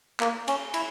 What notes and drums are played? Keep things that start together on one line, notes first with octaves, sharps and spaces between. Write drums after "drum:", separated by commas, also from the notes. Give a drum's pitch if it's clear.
A#3, drum: clap
C#4, drum: cymbal
E4, drum: cymbal